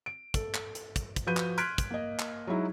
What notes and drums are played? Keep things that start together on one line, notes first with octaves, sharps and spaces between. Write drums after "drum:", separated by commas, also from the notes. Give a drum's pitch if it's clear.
D7
A4, drum: kick, hi-hat
drum: clap
drum: hi-hat
drum: kick, hi-hat
drum: kick, hi-hat
F3 F#4 B4 G6 D#7
drum: clap
C6 F6 F#6 G#6 B6 D7, drum: hi-hat
drum: kick, hi-hat
A#3 D#5
drum: clap
F#3 G#3 D#4 E4 F#4